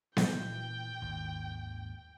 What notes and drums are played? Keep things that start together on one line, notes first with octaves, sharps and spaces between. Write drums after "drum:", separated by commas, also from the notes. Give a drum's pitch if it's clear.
A#2 E3 G5, drum: snare B3
G#1 D#2